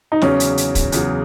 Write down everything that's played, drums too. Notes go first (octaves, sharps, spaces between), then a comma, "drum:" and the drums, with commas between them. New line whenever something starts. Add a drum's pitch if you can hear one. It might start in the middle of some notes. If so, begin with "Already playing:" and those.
D#4
E2 C#3 F#3 C#4, drum: snare
drum: hi-hat
drum: hi-hat
drum: kick, hi-hat
E2 C#3 F#3, drum: hi-hat